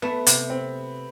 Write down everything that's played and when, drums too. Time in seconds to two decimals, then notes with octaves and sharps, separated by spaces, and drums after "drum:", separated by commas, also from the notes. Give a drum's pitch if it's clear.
0.02 A3 B3
0.27 C3, drum: hi-hat
0.50 C4